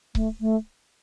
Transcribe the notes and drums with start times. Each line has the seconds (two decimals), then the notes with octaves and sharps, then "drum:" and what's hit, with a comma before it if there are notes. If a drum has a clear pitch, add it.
0.15 A3, drum: kick C#1
0.40 A3